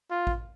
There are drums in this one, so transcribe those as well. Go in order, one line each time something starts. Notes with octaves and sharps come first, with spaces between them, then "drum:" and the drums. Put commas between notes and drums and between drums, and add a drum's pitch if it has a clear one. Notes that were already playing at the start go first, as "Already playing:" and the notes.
F4
drum: kick A1